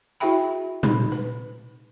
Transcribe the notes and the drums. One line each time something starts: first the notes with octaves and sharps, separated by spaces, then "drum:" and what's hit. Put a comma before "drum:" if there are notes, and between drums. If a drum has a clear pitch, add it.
E4 F#4 G#4 E5 G5 B5
D#4 B5, drum: tom A#2
B4